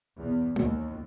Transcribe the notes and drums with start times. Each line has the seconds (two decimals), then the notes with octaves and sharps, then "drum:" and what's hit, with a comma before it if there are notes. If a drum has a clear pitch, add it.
0.18 E2
0.56 D#2, drum: tom